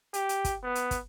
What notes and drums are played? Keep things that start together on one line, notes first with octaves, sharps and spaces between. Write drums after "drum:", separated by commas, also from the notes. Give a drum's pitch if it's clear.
G4, drum: hi-hat
drum: hi-hat
drum: kick, hi-hat
B3
drum: hi-hat
drum: kick, hi-hat